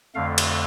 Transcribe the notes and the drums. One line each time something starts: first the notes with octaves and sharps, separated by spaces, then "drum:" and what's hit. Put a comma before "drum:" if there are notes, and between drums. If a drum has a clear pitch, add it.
F2 D3 A3 F5
drum: cymbal